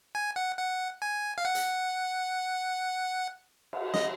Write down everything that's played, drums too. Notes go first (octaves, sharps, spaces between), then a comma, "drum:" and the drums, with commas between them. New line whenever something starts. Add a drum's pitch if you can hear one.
G#5
F#5
F#5
G#5
F5
F#5
drum: hi-hat
drum: cymbal
D#5, drum: snare